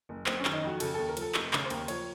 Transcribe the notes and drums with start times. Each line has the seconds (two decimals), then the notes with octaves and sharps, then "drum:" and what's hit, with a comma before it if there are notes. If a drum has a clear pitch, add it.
0.09 F#1
0.26 F#1 C4, drum: clap
0.40 C#4
0.45 D#3, drum: clap
0.53 D#4
0.63 F2 F#4
0.80 C#3 A4, drum: cymbal
0.94 D#2 A4
1.08 A#4
1.17 F3 A4, drum: cymbal
1.34 F1, drum: clap
1.53 C#3, drum: clap
1.65 C5
1.70 D#2 A#4, drum: cymbal
1.88 F3 C#5, drum: cymbal